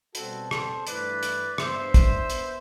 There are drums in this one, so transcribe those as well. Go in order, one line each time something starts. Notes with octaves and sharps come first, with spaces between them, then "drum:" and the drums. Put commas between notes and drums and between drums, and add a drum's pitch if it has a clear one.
B2 G3 C4 F#4 A4, drum: hi-hat
A4 C5, drum: rim click
G2 E3 A3 E4 B4 D5, drum: hi-hat
drum: hi-hat
G2 E3 B3 D4 C5 E5, drum: rim click
drum: kick, hi-hat
B3, drum: hi-hat